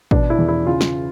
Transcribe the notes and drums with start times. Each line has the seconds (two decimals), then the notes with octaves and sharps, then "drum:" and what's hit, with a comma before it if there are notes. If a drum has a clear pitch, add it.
0.11 B2 D4, drum: kick
0.30 E4
0.39 E2
0.48 E4
0.66 C#3 F4
0.81 drum: snare